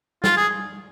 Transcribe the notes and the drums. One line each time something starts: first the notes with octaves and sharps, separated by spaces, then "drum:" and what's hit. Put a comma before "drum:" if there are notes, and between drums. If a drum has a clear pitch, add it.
F4, drum: snare
G#4